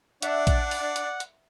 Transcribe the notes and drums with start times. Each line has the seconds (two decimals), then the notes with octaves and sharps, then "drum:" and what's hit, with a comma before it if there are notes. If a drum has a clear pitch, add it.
0.22 D4 D5 E5 F#5, drum: hi-hat
0.47 drum: kick A#1, hi-hat
0.71 drum: open hi-hat
0.96 drum: hi-hat
1.20 drum: hi-hat